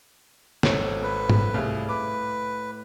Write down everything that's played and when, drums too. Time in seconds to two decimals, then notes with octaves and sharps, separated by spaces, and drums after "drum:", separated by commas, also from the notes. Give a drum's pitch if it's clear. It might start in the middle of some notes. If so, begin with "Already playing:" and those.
0.63 G#1 A4 C#5, drum: snare
1.03 B4
1.29 drum: tom G#2
1.54 C2 A2 G#4 F5
1.89 B4 D6